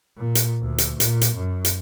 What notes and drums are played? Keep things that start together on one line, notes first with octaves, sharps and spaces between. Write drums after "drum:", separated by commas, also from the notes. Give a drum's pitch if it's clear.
A#2
drum: hi-hat
D2
drum: hi-hat
A#2, drum: hi-hat
drum: hi-hat
F#2
drum: hi-hat